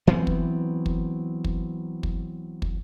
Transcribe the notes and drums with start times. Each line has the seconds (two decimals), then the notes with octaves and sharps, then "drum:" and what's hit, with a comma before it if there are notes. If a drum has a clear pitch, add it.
0.07 E3 F#3 B3 C4
0.27 drum: kick
0.86 drum: kick
1.44 drum: kick
2.03 drum: kick
2.62 drum: kick